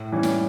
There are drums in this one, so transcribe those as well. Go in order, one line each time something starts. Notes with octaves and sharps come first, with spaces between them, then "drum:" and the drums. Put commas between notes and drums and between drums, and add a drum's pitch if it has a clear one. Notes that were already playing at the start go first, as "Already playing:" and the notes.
Already playing: A2
E3 G3 C#4
drum: snare